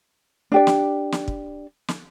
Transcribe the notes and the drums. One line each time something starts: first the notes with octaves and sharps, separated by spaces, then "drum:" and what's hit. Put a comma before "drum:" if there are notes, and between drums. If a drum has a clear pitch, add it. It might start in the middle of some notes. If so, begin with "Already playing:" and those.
D4 G4 D5
drum: snare
drum: snare
drum: kick
drum: snare